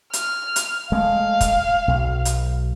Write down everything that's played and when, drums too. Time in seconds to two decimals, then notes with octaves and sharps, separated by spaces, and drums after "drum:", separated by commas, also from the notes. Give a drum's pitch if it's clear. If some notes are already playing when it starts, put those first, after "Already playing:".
0.13 F6, drum: hi-hat
0.56 drum: hi-hat
0.92 G#3 A3 F5
1.41 drum: kick, hi-hat
1.88 B1
2.25 drum: hi-hat